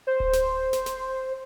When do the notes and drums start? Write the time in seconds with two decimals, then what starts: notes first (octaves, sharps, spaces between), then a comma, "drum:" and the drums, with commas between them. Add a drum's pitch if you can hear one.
0.07 C5
0.20 drum: kick D1
0.33 drum: snare
0.73 drum: snare
0.86 drum: snare